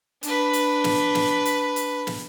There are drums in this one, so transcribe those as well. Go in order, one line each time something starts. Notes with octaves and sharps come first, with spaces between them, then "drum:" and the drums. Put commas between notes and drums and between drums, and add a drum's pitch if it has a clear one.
D4 B4, drum: hi-hat
drum: hi-hat
drum: snare
drum: snare
drum: hi-hat
drum: hi-hat
drum: snare